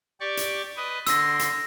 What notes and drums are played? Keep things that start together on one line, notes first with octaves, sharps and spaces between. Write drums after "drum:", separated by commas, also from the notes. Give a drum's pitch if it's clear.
G4 D5 C#6
drum: hi-hat
B4 D#5
D3 C6 E6 A#6, drum: hi-hat
drum: hi-hat